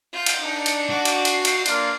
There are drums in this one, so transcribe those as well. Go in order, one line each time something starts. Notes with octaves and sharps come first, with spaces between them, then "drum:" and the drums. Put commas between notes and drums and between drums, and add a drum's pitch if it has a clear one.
F4 G6
drum: cymbal
D4 D#4 C#7
drum: cymbal
F#4 D6
drum: cymbal
C7, drum: cymbal
drum: cymbal
A#3 D4 F4, drum: cymbal